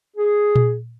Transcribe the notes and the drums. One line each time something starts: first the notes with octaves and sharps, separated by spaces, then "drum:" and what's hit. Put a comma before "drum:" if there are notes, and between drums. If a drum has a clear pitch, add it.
G#4
drum: tom A#2